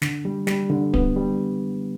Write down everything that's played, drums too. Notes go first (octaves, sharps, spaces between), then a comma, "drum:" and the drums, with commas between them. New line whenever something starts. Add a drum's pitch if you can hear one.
D3, drum: snare
G3
G3, drum: snare
D3
B3, drum: kick D1
G3